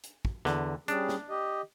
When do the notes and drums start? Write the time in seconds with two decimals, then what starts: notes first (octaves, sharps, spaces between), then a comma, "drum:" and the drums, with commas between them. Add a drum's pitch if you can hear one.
0.04 drum: hi-hat
0.25 drum: kick
0.45 E2 D3, drum: snare
0.88 G3 C#4 D4 G#4, drum: hi-hat
1.09 drum: snare
1.30 G4 D#5